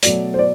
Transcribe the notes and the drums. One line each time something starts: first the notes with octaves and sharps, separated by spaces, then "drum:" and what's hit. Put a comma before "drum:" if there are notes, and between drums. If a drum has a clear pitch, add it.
B2 F#3 A3 D5, drum: hi-hat
C5
D5